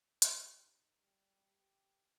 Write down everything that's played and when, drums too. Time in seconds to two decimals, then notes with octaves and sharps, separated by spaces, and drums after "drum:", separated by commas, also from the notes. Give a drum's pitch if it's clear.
0.22 G4, drum: hi-hat
0.61 D#4
1.00 G3
1.53 G4